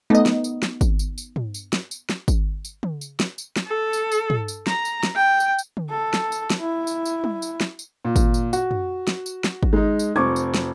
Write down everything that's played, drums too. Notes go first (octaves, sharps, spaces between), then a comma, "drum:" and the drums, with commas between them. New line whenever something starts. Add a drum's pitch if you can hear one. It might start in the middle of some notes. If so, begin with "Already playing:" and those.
A3 B3 D#4 D#5
drum: snare
drum: tambourine
drum: snare
drum: kick G#1, tambourine
drum: tambourine
drum: tambourine
drum: tom
drum: tambourine
drum: snare
drum: tambourine
drum: snare
drum: kick G#1, tambourine
drum: tambourine
drum: tom
drum: tambourine
drum: snare
drum: tambourine
drum: snare
A4
drum: tambourine
drum: tambourine
drum: tom
drum: tambourine
A#5, drum: snare
drum: tambourine
drum: snare
G5
drum: tambourine
drum: tambourine
drum: tom
A4
drum: snare
drum: tambourine
drum: snare
E4
drum: tambourine
drum: tambourine
drum: tom
drum: tambourine
drum: snare
drum: tambourine
A#2
drum: kick G#1, tambourine
drum: tambourine
F#4, drum: tambourine
drum: tom
drum: snare
drum: tambourine
drum: snare
drum: kick G#1
G#3 D#4
drum: tambourine
F1 C4 C#6 D6 G#6, drum: tom
drum: tambourine
drum: snare